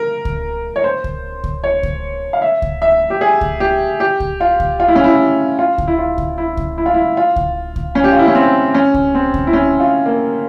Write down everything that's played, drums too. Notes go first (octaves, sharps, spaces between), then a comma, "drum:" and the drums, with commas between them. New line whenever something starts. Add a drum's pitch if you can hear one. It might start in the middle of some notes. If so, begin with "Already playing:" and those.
Already playing: A#4
drum: kick C#2
C#5
C5
drum: kick C#2
drum: kick C#2
C#5
drum: kick C#2
F5
E5
drum: kick C#2
E5
G4
G#4
drum: kick C#2
G4
G4
drum: kick C#2
F4
drum: kick C#2
F4
E4
C#4
E4
F4
drum: kick C#2
E4
F4
drum: kick C#2
E4
drum: kick C#2
E4
F4
E4
F4
drum: kick C#2
drum: kick C#2
C#4
G4
F4
E4
C#4
C4
C#4
drum: kick C#2
C4
drum: kick C#2
E4
C#4
F4
A#3